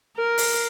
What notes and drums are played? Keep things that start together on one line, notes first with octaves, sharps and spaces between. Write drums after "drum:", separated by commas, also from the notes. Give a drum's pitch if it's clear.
A#4
drum: open hi-hat